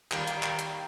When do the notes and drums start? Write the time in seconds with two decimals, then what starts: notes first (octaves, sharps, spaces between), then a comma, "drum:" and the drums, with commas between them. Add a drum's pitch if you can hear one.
0.12 D#3 G3 A#3, drum: clap
0.27 drum: hi-hat
0.43 drum: clap
0.59 drum: hi-hat